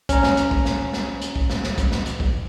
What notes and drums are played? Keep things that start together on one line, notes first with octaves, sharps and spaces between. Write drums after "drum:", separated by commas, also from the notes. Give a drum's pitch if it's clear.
C#4 A#5, drum: kick, hi-hat
drum: snare
drum: hi-hat
drum: kick
drum: snare
drum: snare
drum: hi-hat
drum: kick
drum: snare
drum: snare
drum: kick, hi-hat
drum: snare
drum: hi-hat
drum: kick